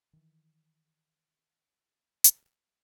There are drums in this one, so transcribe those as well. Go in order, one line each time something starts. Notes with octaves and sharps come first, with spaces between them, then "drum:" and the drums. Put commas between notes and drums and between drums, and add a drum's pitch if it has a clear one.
D#3 E3
drum: hi-hat